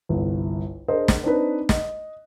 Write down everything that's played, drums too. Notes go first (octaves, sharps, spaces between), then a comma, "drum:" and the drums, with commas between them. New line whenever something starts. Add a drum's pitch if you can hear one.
G1 C2
D4 G#4 A#4 C5 D#5
drum: snare
C4 D4 D#4 B4
D#5, drum: snare